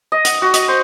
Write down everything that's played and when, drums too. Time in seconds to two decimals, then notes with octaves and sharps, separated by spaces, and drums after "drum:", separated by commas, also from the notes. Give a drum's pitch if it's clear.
0.12 D#5
0.25 F#5, drum: hi-hat
0.42 F#4
0.54 D#5, drum: hi-hat
0.68 C5